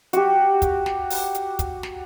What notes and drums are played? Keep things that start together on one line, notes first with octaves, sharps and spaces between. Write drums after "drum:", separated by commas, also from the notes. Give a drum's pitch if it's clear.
F#4 G4, drum: hi-hat
drum: kick, hi-hat
drum: snare
drum: open hi-hat
drum: hi-hat
drum: kick, hi-hat
drum: snare